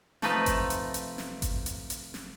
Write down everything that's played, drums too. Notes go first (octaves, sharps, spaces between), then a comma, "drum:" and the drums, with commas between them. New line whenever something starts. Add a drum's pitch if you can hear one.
C3 F3 A3 D#4 A4 B4, drum: snare
drum: kick G1, hi-hat
drum: hi-hat
drum: hi-hat
drum: snare
drum: kick G1, hi-hat
drum: hi-hat
drum: hi-hat
drum: snare